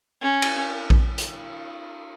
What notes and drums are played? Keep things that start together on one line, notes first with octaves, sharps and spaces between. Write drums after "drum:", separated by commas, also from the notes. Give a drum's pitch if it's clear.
C#4
drum: cymbal
drum: kick A#1
drum: hi-hat